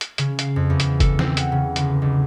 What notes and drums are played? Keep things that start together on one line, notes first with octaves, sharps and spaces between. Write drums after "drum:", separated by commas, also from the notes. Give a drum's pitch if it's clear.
drum: hi-hat
C#3, drum: hi-hat
F5, drum: hi-hat
F2
E2
drum: hi-hat
A4, drum: kick, hi-hat
C4, drum: snare D#3
F#5, drum: hi-hat
C#3
G1, drum: hi-hat
B1